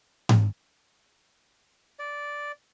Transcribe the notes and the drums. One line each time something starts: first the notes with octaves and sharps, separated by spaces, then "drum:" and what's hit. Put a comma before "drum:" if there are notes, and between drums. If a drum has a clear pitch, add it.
drum: tom G#2
D5